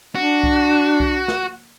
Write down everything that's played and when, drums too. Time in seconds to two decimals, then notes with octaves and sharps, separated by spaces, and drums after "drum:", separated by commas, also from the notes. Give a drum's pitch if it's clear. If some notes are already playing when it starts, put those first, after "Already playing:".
0.15 D4 F#4
0.44 drum: kick C2
1.00 drum: kick C2
1.28 drum: snare